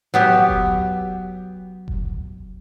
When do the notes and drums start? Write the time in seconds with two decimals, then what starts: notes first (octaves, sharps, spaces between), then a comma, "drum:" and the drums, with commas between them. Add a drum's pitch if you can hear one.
0.14 F#3 B3 G4
0.48 drum: kick F1
1.88 drum: kick F1